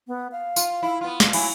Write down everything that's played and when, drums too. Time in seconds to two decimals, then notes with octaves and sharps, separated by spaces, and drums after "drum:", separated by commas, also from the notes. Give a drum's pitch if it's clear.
0.07 B3
0.32 F5
0.56 F4, drum: tambourine
0.83 E4
1.01 B3 F4
1.20 drum: snare
1.33 F#3 E4 G#5, drum: cymbal